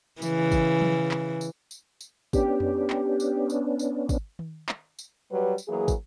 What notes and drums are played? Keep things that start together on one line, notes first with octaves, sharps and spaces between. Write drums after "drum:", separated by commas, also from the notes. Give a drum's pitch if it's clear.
C#3 E3, drum: tambourine
drum: kick, tambourine
drum: tom F3
drum: clap
drum: tambourine
drum: tambourine
drum: tambourine
B3 C#4 D4 G4, drum: kick, tambourine
drum: tom F2
drum: clap
drum: tambourine
drum: tambourine
drum: tambourine
drum: kick, tambourine
drum: tom D#3
drum: clap
drum: tambourine
F#3 G3 G4 B4
drum: tambourine
E3 F#3 A#3 G#4
drum: kick, tambourine